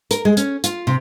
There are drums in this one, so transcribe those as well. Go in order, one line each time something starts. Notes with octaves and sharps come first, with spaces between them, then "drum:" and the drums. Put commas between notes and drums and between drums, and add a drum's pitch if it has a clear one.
A#4, drum: hi-hat
G#3
C#4, drum: hi-hat
F4, drum: hi-hat
C3